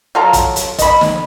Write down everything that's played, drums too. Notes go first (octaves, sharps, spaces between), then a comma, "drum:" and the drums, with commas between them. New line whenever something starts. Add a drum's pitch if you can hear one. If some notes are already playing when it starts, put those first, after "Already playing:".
F#3 F4 A4 A#5
drum: kick, hi-hat
drum: hi-hat
D#5 B5, drum: kick, hi-hat
drum: snare